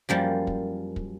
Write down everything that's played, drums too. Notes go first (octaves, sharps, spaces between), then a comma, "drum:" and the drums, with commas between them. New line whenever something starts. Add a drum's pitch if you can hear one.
F#2 F3 G3 A#3
drum: kick
drum: kick